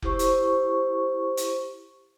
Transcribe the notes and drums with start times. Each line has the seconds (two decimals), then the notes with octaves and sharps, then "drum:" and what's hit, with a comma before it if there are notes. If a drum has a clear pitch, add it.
0.02 E4 G4 C5 C#6, drum: kick F1
0.19 drum: hi-hat
1.37 drum: hi-hat